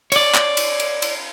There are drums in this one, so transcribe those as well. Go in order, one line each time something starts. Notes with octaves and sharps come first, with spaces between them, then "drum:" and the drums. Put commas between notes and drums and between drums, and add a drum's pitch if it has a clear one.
C#5 D5, drum: cymbal
drum: clap
drum: cymbal
drum: cymbal
drum: cymbal